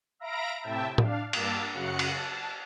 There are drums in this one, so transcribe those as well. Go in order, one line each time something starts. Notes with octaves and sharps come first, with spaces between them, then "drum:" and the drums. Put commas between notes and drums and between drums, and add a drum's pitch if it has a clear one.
E5 F5 A#5 B5 A#6 D7
A2 C3 E4 E5 G5 A5
D4 F5, drum: tom A2
G2 A#3 A5 D6 E6 A6, drum: cymbal
F#2 C#3 F#4 F#6 C#7
drum: cymbal
A5